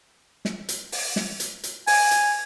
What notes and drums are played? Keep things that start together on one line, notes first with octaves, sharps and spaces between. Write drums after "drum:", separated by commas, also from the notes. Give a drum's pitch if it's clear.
drum: snare
drum: hi-hat
drum: open hi-hat
drum: snare
drum: hi-hat
drum: hi-hat
G#5, drum: open hi-hat
drum: hi-hat